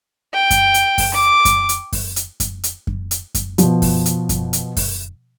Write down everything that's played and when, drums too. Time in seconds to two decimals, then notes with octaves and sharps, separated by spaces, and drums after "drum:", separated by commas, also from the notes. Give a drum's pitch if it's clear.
0.33 G5
0.51 drum: kick F#2, hi-hat
0.74 drum: hi-hat
0.98 drum: kick F#2, open hi-hat
1.14 D6
1.45 drum: kick F#2, hi-hat
1.69 drum: hi-hat
1.93 drum: kick F#2, open hi-hat
2.16 drum: hi-hat
2.40 drum: kick F#2, hi-hat
2.64 drum: hi-hat
2.87 drum: kick F#2
3.11 drum: hi-hat
3.35 drum: kick F#2, hi-hat
3.58 B2 F3, drum: hi-hat
3.82 drum: kick F#2, open hi-hat
4.06 drum: hi-hat
4.29 drum: kick F#2, hi-hat
4.53 drum: hi-hat
4.77 drum: kick F#2, open hi-hat